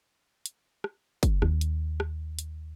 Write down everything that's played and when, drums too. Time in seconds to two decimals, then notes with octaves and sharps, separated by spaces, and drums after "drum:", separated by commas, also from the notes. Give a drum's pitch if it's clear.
0.46 drum: hi-hat
0.84 drum: rim click
1.23 drum: kick, hi-hat
1.42 D#2, drum: rim click
1.61 drum: hi-hat
2.00 drum: rim click
2.39 drum: hi-hat